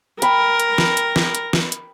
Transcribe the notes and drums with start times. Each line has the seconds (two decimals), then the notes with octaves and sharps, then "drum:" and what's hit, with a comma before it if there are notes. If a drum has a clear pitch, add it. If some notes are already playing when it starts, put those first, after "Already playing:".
0.22 A#4 G5 B5, drum: hi-hat
0.60 drum: hi-hat
0.78 drum: snare
0.97 drum: hi-hat
1.16 drum: snare
1.35 drum: hi-hat
1.53 drum: snare
1.72 drum: hi-hat